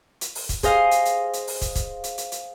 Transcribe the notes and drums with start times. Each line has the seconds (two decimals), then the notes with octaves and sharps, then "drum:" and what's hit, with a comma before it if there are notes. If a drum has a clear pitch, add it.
0.21 drum: hi-hat
0.35 drum: open hi-hat
0.49 drum: kick, hi-hat
0.63 G#4 C5 D#5 F5, drum: kick, hi-hat
0.91 drum: hi-hat
1.05 drum: hi-hat
1.33 drum: hi-hat
1.47 drum: open hi-hat
1.61 drum: kick, hi-hat
1.76 drum: kick, hi-hat
2.04 drum: hi-hat
2.18 drum: hi-hat
2.32 drum: hi-hat